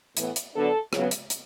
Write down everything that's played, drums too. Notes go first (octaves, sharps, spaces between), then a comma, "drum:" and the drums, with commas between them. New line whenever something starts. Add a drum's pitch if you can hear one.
A2 E3 B3, drum: hi-hat
drum: hi-hat
D3 F#3 B3 D4 A4
C#3 F#3 B3, drum: rim click
drum: hi-hat
drum: hi-hat